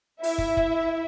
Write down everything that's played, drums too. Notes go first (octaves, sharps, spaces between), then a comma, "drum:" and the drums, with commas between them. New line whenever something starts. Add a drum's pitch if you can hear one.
E4 E5, drum: open hi-hat
drum: kick
drum: kick